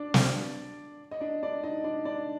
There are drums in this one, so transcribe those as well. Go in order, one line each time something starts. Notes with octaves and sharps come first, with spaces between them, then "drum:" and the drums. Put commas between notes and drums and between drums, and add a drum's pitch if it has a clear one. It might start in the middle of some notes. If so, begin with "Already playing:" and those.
Already playing: D4 D5
D4 D5, drum: snare
D#5
D4 D5
D4 D5
D#4 D#5
D4 D5
D4 D5